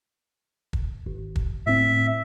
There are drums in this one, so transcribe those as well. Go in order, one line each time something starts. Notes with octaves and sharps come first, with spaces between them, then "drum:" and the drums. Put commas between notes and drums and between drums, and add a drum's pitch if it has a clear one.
drum: kick
G#1
drum: kick
A2 C4 E5